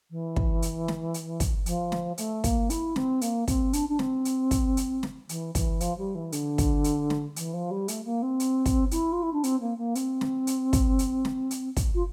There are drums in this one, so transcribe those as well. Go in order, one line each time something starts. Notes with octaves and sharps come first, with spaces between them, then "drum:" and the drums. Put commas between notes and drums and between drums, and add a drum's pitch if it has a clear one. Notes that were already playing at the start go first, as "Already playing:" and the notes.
E3
drum: kick
drum: hi-hat
drum: snare
drum: hi-hat
drum: kick, hi-hat
F3, drum: hi-hat
drum: snare
A3, drum: hi-hat
A#3, drum: kick, hi-hat
E4, drum: hi-hat
C4, drum: snare
A#3, drum: hi-hat
C4, drum: kick, hi-hat
D4, drum: hi-hat
D4
C4, drum: snare
drum: hi-hat
drum: kick, hi-hat
drum: hi-hat
drum: snare
E3, drum: hi-hat
E3, drum: kick, hi-hat
F3, drum: hi-hat
G3
E3
D3, drum: hi-hat
drum: kick, hi-hat
drum: hi-hat
drum: snare
E3, drum: hi-hat
F3
G3
A3, drum: hi-hat
A#3
C4
drum: hi-hat
drum: kick, hi-hat
E4, drum: hi-hat
F4
E4
D4
C4, drum: hi-hat
A#3
A#3
C4, drum: hi-hat
drum: snare
drum: hi-hat
drum: kick, hi-hat
drum: hi-hat
drum: snare
drum: hi-hat
drum: kick, hi-hat
F4